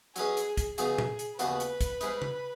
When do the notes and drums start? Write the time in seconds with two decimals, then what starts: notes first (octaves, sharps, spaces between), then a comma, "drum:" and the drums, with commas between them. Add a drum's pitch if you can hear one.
0.16 F#3 C#4 G#4 B4 D#5, drum: hi-hat
0.37 drum: hi-hat
0.57 drum: kick, hi-hat
0.78 C#3 F#3 B3 D#4 G#4, drum: hi-hat
0.98 drum: tom A#2
1.19 drum: hi-hat
1.39 D#2 C#3 B3 F#4 B4 D#5, drum: hi-hat
1.60 drum: hi-hat
1.81 drum: kick, hi-hat
2.01 G#2 G#3 D#4, drum: hi-hat
2.22 drum: tom